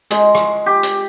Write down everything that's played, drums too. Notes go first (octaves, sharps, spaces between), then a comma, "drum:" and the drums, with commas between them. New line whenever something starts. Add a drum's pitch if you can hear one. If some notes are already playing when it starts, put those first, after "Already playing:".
G#3, drum: hi-hat
drum: rim click
G4
drum: hi-hat